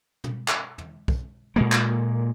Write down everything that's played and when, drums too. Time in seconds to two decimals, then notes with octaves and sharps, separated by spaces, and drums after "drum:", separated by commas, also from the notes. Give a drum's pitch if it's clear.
0.24 drum: tom
0.48 drum: clap
0.78 drum: tom
1.08 drum: kick
1.56 A#2 G#3 A#3
1.72 drum: clap